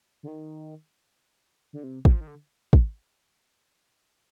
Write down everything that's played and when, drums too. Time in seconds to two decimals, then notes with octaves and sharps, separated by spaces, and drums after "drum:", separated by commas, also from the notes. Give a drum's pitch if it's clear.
0.23 D3
0.28 D#3
1.73 D3
1.84 C3
2.05 G3, drum: kick
2.13 F3
2.21 D#3
2.27 D3
2.73 drum: kick